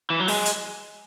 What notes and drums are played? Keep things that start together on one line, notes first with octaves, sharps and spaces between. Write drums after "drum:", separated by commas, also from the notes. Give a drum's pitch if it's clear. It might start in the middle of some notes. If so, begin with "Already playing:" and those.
E3
F#3
G#3, drum: open hi-hat
drum: hi-hat